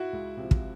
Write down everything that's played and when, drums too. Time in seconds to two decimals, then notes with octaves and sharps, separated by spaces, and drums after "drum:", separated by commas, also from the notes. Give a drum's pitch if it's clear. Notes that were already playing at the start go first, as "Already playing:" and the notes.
Already playing: E4 F#4
0.13 C#2
0.37 C3 F3
0.51 drum: kick